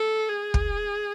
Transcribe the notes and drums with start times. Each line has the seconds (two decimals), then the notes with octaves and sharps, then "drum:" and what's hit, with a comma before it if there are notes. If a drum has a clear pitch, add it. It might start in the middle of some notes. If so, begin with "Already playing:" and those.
Already playing: A4
0.29 G#4
0.54 drum: kick